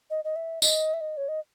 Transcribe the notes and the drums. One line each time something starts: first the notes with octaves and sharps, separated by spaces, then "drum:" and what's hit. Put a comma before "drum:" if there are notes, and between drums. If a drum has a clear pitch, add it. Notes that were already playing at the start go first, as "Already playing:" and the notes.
D#5
D#5
E5
D#5, drum: tambourine
E5
D#5
C#5
D#5